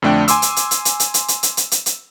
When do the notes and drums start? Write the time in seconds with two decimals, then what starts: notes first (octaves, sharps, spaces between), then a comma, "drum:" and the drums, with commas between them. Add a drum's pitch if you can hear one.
0.02 F2 D3 A3 D4 G5
0.28 G#5 C6 D6 E6, drum: hi-hat
0.42 drum: hi-hat
0.56 drum: hi-hat
0.71 drum: hi-hat
0.85 drum: hi-hat
1.00 drum: hi-hat
1.14 drum: hi-hat
1.28 drum: hi-hat
1.43 drum: hi-hat
1.57 drum: hi-hat
1.71 drum: hi-hat
1.86 drum: hi-hat